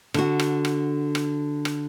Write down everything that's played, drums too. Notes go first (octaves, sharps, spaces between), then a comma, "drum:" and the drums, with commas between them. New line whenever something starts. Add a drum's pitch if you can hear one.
D3 F#4, drum: rim click
drum: rim click
drum: rim click
drum: rim click
drum: rim click